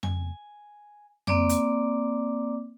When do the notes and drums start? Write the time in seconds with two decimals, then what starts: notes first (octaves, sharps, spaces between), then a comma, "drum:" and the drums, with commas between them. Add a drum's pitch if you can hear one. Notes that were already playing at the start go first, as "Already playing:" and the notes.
0.03 G#5, drum: tom F2
1.27 A#3 C4 D5 D6, drum: tom F2
1.49 drum: hi-hat